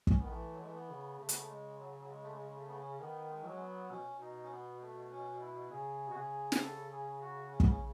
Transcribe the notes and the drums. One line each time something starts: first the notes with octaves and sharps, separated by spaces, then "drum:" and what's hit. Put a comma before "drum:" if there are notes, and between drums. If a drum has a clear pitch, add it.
C#4, drum: kick
D#3 B3
E3 A3
F#3
E3 G#3
A3
B3
C#3
C#3 A3
B3, drum: hi-hat
A3
G#3
F#3
F#3
G#3
A3
G#3
A3
B3
C#4
D#3 B3
G#3
F#3
C#4
B3
B2 C#4
B2
D#4
C#4
B3
A3
C#4
E4
C#3 G#4
B2 F#4
C#3 G#4
drum: snare
A4
G#4
F#4
C#4
B3, drum: kick
C#4